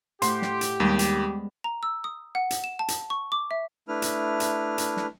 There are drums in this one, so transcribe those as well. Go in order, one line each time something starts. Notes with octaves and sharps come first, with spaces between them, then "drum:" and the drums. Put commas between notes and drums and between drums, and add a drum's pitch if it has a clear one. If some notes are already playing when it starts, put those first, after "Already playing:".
A2 G4 C5 F#5 C6, drum: hi-hat
drum: snare
drum: hi-hat
D#2 G3 G#3 B3
drum: hi-hat
A#5
E6
D#6
F#5
drum: hi-hat
E7
A5
drum: hi-hat
C#6
D6
E5
A3 D4 E4 B4 F6
drum: hi-hat
drum: hi-hat
drum: hi-hat
drum: snare